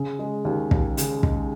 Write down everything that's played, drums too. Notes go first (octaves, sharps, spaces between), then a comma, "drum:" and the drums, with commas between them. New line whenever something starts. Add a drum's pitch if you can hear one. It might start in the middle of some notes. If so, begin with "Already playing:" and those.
Already playing: C#3
G#3
D#2
D#2, drum: kick
C#3, drum: hi-hat
G#3, drum: kick